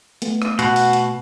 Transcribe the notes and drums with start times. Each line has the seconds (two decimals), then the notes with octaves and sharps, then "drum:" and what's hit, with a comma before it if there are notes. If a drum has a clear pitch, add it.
0.22 A3 B3, drum: hi-hat
0.42 drum: rim click
0.59 B2 F#4 F#5, drum: hi-hat
0.76 drum: open hi-hat
0.93 drum: hi-hat